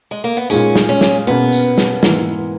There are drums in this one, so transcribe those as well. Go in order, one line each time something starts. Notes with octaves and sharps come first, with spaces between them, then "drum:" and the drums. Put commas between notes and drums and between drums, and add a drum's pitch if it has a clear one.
G#3
A#3
B3
A#2 G#3 C#4 D#4 G#4, drum: tambourine
drum: snare
C#4
drum: snare
B2 A#3 B3 C#4 G#4 B4
drum: tambourine
drum: snare
G#2 E3 A#3, drum: snare